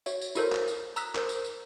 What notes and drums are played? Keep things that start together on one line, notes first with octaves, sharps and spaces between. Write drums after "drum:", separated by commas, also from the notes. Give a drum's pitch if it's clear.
F#4 C#5 E5, drum: tambourine
drum: tambourine
E4 F#4 A4 A#4 C5 C#5, drum: tambourine
drum: clap
drum: tambourine
A#5 D#6 E6 F#6 B6, drum: tambourine
A#4 C5 E6, drum: clap
drum: tambourine
drum: tambourine